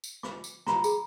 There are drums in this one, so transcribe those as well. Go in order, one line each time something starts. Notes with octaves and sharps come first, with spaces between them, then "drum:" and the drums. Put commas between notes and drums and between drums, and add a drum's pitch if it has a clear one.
drum: tambourine
D6, drum: rim click
drum: tambourine
A#5 B5, drum: rim click
G#4, drum: tambourine